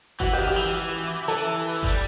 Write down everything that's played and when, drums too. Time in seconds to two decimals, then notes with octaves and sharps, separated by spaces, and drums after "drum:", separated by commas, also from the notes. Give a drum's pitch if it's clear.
0.20 E3 F#4, drum: kick G1
0.33 D#3 G4
0.47 G4
0.56 E3
1.28 E3 A4
1.83 G3, drum: kick G1